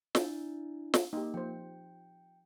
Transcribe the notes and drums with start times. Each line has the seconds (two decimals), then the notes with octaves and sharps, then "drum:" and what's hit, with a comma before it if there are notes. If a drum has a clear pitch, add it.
0.15 D4 E4, drum: snare
0.94 drum: snare
1.13 A#3 D#4 G4
1.34 F3 C5 G5